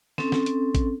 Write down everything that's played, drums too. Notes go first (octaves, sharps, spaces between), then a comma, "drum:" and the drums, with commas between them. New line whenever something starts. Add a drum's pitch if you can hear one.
C4 C#4 A4, drum: snare
drum: snare
drum: hi-hat
drum: kick, hi-hat